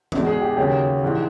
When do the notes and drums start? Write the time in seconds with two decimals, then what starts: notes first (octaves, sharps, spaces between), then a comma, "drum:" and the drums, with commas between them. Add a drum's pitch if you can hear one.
0.12 E2 B2 G#3, drum: tom E3
0.27 G#4
0.42 G4
0.57 D#2 C#3 F#3 G4
1.03 A#1 G#2 E3 G#3